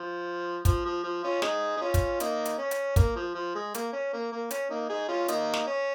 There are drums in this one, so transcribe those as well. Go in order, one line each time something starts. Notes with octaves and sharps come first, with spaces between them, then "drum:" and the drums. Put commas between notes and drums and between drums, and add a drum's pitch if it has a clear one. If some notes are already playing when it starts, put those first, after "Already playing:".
Already playing: F3
F3, drum: kick, hi-hat
F3
F3
C#4 F4
D#4 G#4, drum: snare
D#4
C#4 F4
drum: kick, hi-hat
A#3 D#4, drum: hi-hat
drum: hi-hat
C#4
drum: hi-hat
A#3, drum: kick, hi-hat
F3
F3
G#3
A#3, drum: hi-hat
C#4
A#3
A#3
C#4, drum: hi-hat
A#3 D#4
D#4 G#4
C#4 F4
A#3 D#4, drum: hi-hat
drum: snare
C#4